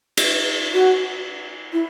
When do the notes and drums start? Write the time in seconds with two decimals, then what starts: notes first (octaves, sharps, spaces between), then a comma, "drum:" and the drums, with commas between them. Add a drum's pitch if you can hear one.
0.17 drum: cymbal
0.74 F#4
1.73 E4